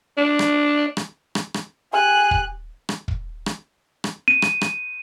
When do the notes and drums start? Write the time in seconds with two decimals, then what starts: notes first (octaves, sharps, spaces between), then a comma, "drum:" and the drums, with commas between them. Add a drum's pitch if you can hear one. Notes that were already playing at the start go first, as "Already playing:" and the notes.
0.17 D4
0.39 drum: rim click
0.97 drum: rim click
1.35 drum: rim click
1.54 drum: rim click
1.93 G4 G#5 F#6
2.31 drum: kick
2.89 drum: rim click
3.08 drum: kick
3.46 drum: rim click
4.04 drum: rim click
4.28 D#7
4.42 drum: rim click
4.61 drum: rim click